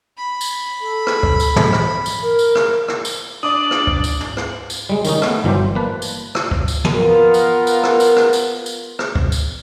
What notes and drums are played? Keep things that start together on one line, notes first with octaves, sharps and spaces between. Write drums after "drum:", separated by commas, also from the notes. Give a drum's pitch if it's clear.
B5
drum: tambourine
A4
drum: rim click
drum: kick D2
drum: tambourine
drum: tom
drum: rim click
drum: tambourine
A#4
drum: tambourine
drum: rim click
drum: rim click
drum: tambourine
D4 D5 D6 D#6 F#7
drum: rim click
drum: kick D2
drum: tambourine
drum: tom
drum: rim click
drum: tambourine
G3 G#3
D#3 C#4 D#4, drum: tambourine
A3 B3, drum: rim click
G1 E3 F#3 G3 G4 C5
A#3 B4 A5
drum: tambourine
drum: rim click
drum: kick D2
drum: tambourine
drum: tom
B3 F4 A#4
drum: tambourine
drum: tambourine
drum: rim click
drum: tambourine
drum: rim click
drum: tambourine
drum: tambourine
drum: rim click
drum: kick D2
drum: tambourine